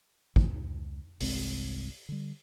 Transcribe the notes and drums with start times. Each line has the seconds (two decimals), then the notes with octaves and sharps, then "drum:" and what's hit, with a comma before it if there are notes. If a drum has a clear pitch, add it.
0.36 C#3 E3 F3 A3, drum: kick
0.47 C#2
1.20 G1 C2 G#3 C4, drum: open hi-hat
2.09 D3 G3